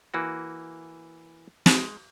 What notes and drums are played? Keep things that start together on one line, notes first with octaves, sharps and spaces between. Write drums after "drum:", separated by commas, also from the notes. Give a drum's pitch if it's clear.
E3 A#3 F#4
G#3, drum: snare